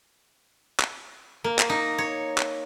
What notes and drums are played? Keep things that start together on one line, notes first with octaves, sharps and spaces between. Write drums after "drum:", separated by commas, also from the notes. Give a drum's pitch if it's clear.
drum: clap
A#3
drum: clap
D#4
C#5
drum: clap